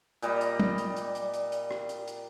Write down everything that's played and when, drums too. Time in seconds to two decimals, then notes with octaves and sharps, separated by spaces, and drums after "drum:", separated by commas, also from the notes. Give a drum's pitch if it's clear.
0.22 A#2 G3 D#5, drum: hi-hat
0.41 drum: hi-hat
0.60 drum: tom
0.78 drum: hi-hat
0.97 drum: hi-hat
1.15 drum: hi-hat
1.34 drum: hi-hat
1.52 drum: hi-hat
1.71 drum: rim click
1.89 drum: hi-hat
2.08 drum: hi-hat